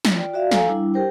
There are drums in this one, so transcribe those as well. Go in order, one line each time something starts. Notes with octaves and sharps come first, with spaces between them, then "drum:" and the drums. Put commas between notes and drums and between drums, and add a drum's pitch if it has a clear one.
drum: snare
F4 D5 G5
F#4 D5 E5 F5
A4 F5 G#5 A#5, drum: snare
G3 D4 E4
G4 A#4 C5 G5